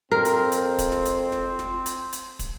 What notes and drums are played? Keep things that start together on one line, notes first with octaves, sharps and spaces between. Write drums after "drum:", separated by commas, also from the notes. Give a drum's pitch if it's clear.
F2 C4 A#4
drum: hi-hat
drum: hi-hat
drum: kick, hi-hat
drum: snare
drum: hi-hat
drum: snare
drum: snare
drum: hi-hat
drum: hi-hat
drum: kick, hi-hat